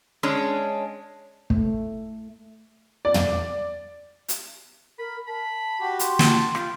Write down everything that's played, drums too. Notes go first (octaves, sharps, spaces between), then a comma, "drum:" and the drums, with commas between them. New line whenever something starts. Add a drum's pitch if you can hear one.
G#3 C#4 D4
A3, drum: kick
D5
drum: tom
drum: hi-hat
A#4 B5
A5 B5
F#4 G4
C6, drum: hi-hat
A5, drum: snare
F4 G5, drum: rim click